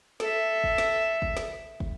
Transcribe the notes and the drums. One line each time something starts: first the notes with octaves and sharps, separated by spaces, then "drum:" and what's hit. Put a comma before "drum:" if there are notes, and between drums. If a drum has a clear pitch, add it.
A4 E5, drum: snare
drum: kick
drum: snare
drum: kick
drum: snare
drum: kick